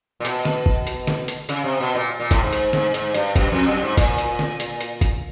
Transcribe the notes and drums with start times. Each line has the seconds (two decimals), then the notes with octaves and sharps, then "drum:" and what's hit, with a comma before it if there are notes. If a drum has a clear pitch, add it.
0.20 A#2
0.25 B2, drum: hi-hat
0.45 drum: snare
0.66 drum: kick G1
0.87 drum: hi-hat
1.07 drum: snare
1.28 drum: hi-hat
1.49 C#3, drum: hi-hat
1.64 C3
1.80 B2
1.95 A#2
2.20 A#2
2.31 A2, drum: kick G1, hi-hat
2.43 G#2
2.53 drum: hi-hat
2.73 G#2, drum: snare
2.94 G#2, drum: hi-hat
3.14 G2, drum: hi-hat
3.36 F#2, drum: kick G1, hi-hat
3.51 F2
3.67 F#2
3.82 G#2
3.97 A#2, drum: kick G1, hi-hat
4.18 drum: hi-hat
4.39 drum: snare
4.60 drum: hi-hat
4.81 drum: hi-hat
5.01 drum: kick G1, hi-hat